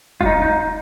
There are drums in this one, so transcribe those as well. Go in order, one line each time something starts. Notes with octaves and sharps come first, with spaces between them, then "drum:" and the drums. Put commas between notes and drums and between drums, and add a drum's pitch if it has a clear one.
F4, drum: kick F1
D#4
D#4